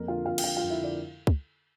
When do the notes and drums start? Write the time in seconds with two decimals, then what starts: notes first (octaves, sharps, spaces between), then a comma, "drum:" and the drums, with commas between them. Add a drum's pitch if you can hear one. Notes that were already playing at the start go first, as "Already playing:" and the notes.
Already playing: F2 A#3 A#4
0.08 D3 F4 F5
0.26 F2 F4 F5
0.38 G5, drum: cymbal
0.44 D3 F4 F5
0.57 F2 F4 F5
0.70 E4 E5
0.80 D3 D5
1.27 drum: kick